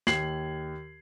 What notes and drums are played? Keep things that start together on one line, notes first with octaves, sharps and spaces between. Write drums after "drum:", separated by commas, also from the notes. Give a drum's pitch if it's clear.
D#2 G#6 C7 F#7, drum: snare